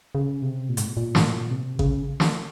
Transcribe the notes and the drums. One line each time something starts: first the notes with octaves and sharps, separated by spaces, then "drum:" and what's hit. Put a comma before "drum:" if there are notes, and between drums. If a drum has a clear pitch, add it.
C#3
C3
A#2
G#2, drum: hi-hat
A#2
A#2
G#2, drum: snare
A#2
C3
C#3, drum: kick A1
drum: snare